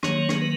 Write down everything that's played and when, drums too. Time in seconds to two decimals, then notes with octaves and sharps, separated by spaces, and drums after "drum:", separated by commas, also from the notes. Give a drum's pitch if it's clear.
0.03 D#3 F#3 A#3 C#5, drum: rim click
0.29 drum: rim click
0.41 B4